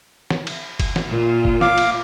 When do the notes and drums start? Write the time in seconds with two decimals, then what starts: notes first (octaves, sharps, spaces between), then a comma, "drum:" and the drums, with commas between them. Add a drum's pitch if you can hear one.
0.30 drum: snare
0.47 drum: cymbal
0.80 drum: kick F#1, cymbal
0.96 drum: snare
1.08 A#2 F4
1.45 drum: kick F#1
1.61 F5 D6, drum: snare
1.78 drum: cymbal